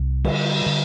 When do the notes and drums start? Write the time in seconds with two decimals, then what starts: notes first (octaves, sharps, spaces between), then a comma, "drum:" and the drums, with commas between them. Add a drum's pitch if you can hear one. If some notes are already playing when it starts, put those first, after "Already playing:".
Already playing: C2
0.25 D3 G3, drum: cymbal
0.66 D3